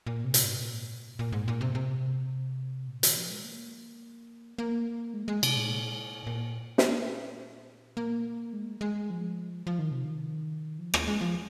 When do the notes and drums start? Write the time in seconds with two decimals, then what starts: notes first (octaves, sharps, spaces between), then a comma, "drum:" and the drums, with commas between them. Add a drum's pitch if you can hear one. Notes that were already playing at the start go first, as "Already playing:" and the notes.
0.07 A#2
0.24 C3
0.34 drum: hi-hat
0.43 G#2
0.63 A#2
1.19 A#2
1.33 G#2
1.48 A#2
1.61 C3
1.75 C3
2.88 A#2
3.03 D#3, drum: hi-hat
3.16 F3
3.30 G#3
3.44 A#3
4.58 A#3
5.14 G#3
5.28 G#3
5.43 C3, drum: cymbal
5.57 A#2
6.27 A#2
6.78 drum: snare
7.97 A#3
8.53 G#3
8.81 G#3
9.10 F3
9.67 F3
9.79 D#3
9.91 C3
10.05 D#3
10.79 F3
10.94 A#3, drum: rim click
11.08 G#3
11.21 F3